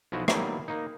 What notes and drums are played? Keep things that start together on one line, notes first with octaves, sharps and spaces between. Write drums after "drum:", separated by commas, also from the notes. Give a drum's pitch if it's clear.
B1 F3 E4 F#4 D#5
D#3 F#3 G3 A#3 B3 E4, drum: rim click
A#3 D#4